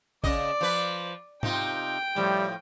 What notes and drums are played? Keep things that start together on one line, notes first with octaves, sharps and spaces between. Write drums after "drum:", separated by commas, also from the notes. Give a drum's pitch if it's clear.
C#3 D5 D#5, drum: kick A1
F3 B4
C3 D#4 F4 G5, drum: tom G#2
A2 F3 G3